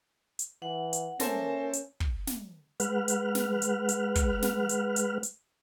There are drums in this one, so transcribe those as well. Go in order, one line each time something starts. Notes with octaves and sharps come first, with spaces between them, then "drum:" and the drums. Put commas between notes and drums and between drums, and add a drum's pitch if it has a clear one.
drum: hi-hat
E3 F#5
drum: hi-hat
A#3 C#4 A4 A#4 C5 E5 G#5, drum: snare
drum: hi-hat
drum: kick
drum: snare
G#3 B4 F#5 F6, drum: hi-hat
drum: hi-hat
drum: snare
drum: hi-hat
drum: hi-hat
drum: kick, hi-hat
drum: snare
drum: hi-hat
drum: hi-hat
drum: hi-hat